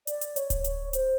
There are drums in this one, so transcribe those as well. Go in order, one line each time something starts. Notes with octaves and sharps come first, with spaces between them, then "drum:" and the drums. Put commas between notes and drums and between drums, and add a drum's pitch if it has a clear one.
D5, drum: hi-hat
drum: hi-hat
C#5, drum: hi-hat
drum: kick D1, hi-hat
C#5, drum: hi-hat
C5, drum: hi-hat